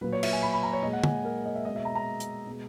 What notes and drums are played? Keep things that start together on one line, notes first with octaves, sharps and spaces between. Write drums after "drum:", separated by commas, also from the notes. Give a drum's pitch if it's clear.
A#2 F#3 B4
C#5
E5, drum: cymbal
G#5
B5
B5
A#5
C#5
A#2 G#3 D#5
F#5
G#5, drum: tom
A#4
D#5
E5
G#3 D#5
B2
E5
A#5
A#5
drum: hi-hat
B2 G#3